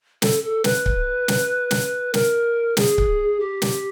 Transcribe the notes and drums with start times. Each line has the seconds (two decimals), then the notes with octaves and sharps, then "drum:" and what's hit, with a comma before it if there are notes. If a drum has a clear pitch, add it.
0.22 A4, drum: snare
0.44 A4
0.64 B4, drum: snare
0.86 drum: kick C#1
1.28 drum: snare
1.71 drum: snare
2.14 A#4, drum: snare
2.77 G#4, drum: snare
2.98 drum: kick C#1
3.40 G4
3.62 drum: snare